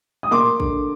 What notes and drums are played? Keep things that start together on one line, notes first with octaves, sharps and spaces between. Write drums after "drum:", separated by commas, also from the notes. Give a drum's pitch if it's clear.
D#6
A#3 C6 D6, drum: tom
D3, drum: kick